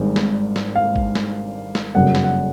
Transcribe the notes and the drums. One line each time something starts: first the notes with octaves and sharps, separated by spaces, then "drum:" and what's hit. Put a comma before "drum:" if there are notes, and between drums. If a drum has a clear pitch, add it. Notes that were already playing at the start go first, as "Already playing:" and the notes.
Already playing: G#1 G2 D#3 G#3 C4
drum: snare
drum: snare
F5
drum: kick G#1
drum: snare
drum: snare
G1 F#2 C#3 F#5
drum: snare
F#5